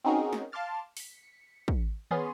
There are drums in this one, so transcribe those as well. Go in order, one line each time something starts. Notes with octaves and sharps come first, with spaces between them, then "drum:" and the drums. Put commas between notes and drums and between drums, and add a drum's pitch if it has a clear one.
C4 C#4 D#4 F#4 G#4 A#4
drum: snare
F5 A5 C6 D6 F6 A6
B6 C#7, drum: open hi-hat
drum: kick
B3 C#4 G#4 C6 D#6 A6, drum: tom